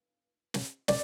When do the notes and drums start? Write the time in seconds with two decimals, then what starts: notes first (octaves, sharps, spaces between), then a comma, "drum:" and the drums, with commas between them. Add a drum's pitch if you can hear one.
0.54 drum: snare
0.88 D5, drum: snare